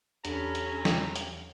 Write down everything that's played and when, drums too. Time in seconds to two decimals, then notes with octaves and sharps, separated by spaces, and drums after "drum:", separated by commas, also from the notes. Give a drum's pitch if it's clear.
0.25 E2 F#3 C#4 D4 G4 A4 A#5 B5, drum: hi-hat
0.55 drum: hi-hat
0.85 drum: snare
1.16 drum: hi-hat